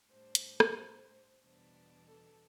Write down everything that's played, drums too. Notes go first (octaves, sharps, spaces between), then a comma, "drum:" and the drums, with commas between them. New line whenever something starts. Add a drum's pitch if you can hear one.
A2 G3 D4 C5
drum: hi-hat
drum: rim click
E2 B2 G3 B3 D4
A4